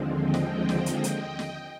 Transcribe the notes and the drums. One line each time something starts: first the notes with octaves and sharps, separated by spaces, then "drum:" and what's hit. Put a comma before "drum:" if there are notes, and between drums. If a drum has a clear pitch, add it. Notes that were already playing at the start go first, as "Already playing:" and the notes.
Already playing: D#2 D3 F3 G#3 C4
D#5 G5
drum: snare
drum: snare
D#5 G5, drum: hi-hat
drum: hi-hat
drum: snare